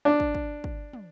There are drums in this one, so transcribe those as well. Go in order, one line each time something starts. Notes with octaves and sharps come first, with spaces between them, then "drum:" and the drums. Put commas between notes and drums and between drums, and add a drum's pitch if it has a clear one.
D4
drum: kick
drum: kick
drum: kick
drum: tom